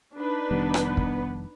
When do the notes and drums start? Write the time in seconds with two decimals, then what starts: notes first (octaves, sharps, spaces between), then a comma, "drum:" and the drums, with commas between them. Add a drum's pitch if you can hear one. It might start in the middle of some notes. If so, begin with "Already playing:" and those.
0.16 D4 D#4 B4
0.51 F1 D#3 G3 B3
0.74 drum: rim click
0.97 drum: kick